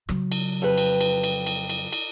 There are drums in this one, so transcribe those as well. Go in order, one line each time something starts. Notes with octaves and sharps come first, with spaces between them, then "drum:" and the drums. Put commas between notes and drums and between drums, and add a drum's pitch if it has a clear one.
C#3 F#3, drum: rim click
drum: cymbal
F2 G4 B4
drum: cymbal
drum: cymbal
drum: cymbal
drum: cymbal
drum: cymbal
drum: cymbal